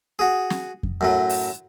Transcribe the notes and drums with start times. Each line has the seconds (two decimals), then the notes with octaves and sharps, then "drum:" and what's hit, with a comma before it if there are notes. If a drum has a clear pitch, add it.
0.19 F#4 G#4
0.50 drum: snare
0.83 drum: kick F2
1.01 F#2 A2 F#3
1.29 drum: open hi-hat